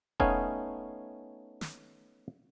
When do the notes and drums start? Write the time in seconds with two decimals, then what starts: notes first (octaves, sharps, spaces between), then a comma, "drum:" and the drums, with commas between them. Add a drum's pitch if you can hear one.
0.20 A3 B3 C#4 D#4 F5 G#5, drum: kick E1
1.61 drum: snare